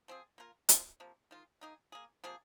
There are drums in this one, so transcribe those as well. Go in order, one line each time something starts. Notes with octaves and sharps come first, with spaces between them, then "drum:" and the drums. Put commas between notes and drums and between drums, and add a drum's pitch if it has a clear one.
F3 C4 G#4
A#3 F4 A#4
C3 F3 G#3 F4, drum: hi-hat
C3 F3 A#3
D#3 G#3 F4
A#3 D#4 G#4
A#3 G#4
C3 F3 A#3 G#4